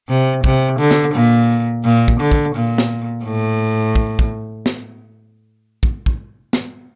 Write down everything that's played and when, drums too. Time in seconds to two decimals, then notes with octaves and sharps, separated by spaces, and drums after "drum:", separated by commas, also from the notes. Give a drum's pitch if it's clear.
0.08 C3
0.44 C3, drum: kick
0.79 D3
0.91 drum: snare
1.14 A#2
1.85 A#2
2.08 drum: kick
2.20 D3
2.31 drum: kick
2.55 A#2
2.78 drum: snare
3.25 A2
3.95 drum: kick
4.19 drum: kick
4.66 drum: snare
5.83 drum: kick
6.06 drum: kick
6.53 drum: snare